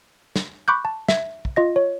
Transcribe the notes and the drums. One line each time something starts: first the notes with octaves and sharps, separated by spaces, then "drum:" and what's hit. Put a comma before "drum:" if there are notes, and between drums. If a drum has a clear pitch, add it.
drum: snare
B5 C#6 D6 F#6 G6
A5
E5 G#6, drum: snare
drum: kick
F4 D#5 A#6
C#5